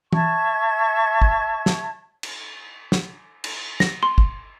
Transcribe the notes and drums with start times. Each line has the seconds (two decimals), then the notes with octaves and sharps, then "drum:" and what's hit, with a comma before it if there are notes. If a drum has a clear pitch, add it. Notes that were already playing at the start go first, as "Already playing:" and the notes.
0.13 E5 A5 C#6 G#6, drum: tom
1.22 drum: kick
1.66 drum: snare
2.23 drum: cymbal
2.92 drum: snare
3.44 drum: cymbal
3.80 A#6, drum: snare
4.03 C6
4.18 drum: kick